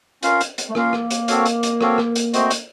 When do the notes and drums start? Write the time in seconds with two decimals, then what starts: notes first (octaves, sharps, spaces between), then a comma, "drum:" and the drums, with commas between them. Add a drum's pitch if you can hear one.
0.23 C#4 F4 A#4 F5, drum: hi-hat
0.41 drum: hi-hat
0.58 drum: hi-hat
0.69 A3
0.75 A#3 C#4 F4 A#4 F5, drum: rim click
0.93 drum: rim click
1.11 drum: hi-hat
1.28 C4 F#4 A4 C#5 F5, drum: hi-hat
1.46 drum: hi-hat
1.63 drum: hi-hat
1.81 C4 F#4 A4 C#5 F5, drum: rim click
1.98 drum: rim click
2.16 drum: hi-hat
2.34 A3 C4 F#4 C5 D#5, drum: hi-hat
2.51 drum: hi-hat